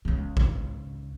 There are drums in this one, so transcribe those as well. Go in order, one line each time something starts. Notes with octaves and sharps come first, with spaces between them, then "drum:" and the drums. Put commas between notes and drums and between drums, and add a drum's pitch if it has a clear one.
C#2 C#3
drum: kick G#1